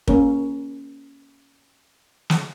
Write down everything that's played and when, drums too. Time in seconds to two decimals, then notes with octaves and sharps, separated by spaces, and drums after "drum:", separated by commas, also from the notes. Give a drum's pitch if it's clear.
0.08 A#3 C#4 A#4, drum: kick
2.30 drum: snare